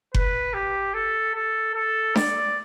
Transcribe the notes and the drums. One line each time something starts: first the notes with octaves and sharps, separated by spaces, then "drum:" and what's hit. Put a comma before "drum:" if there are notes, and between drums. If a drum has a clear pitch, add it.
B4, drum: kick F#1
G4
A4
A4
A4
D5, drum: snare D4